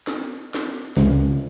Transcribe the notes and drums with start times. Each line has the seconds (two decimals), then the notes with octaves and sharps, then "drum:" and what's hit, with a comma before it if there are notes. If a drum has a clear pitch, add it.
0.07 drum: snare
0.54 drum: snare
0.97 C#2, drum: snare